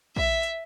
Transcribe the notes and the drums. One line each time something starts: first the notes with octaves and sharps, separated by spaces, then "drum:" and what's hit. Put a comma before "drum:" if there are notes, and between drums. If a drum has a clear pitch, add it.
E5, drum: kick A#1
drum: hi-hat